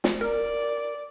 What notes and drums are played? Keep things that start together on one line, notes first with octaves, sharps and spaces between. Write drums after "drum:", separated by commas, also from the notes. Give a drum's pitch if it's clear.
drum: snare
A#4 D5